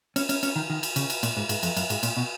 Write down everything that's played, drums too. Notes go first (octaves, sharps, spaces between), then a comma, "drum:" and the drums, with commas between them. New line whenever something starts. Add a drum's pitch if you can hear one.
C#4, drum: cymbal
C#4, drum: cymbal
C#4, drum: cymbal
D#3
D#3
drum: cymbal
C#3, drum: cymbal
drum: cymbal
A#2, drum: cymbal
G#2
G#2, drum: cymbal
F2, drum: cymbal
F#2, drum: cymbal
G#2, drum: cymbal
A#2, drum: cymbal
B2